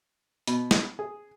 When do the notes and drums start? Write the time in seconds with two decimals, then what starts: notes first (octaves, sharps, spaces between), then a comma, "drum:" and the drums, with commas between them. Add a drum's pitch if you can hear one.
0.47 B2, drum: hi-hat
0.71 drum: snare
0.99 G#4